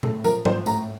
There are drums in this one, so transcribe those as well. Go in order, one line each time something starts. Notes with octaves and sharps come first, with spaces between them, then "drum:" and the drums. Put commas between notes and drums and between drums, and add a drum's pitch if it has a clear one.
A2 A4, drum: tom A#2
F3 A#4, drum: tambourine
F3 C5, drum: tom G#2
A2 A#5, drum: tambourine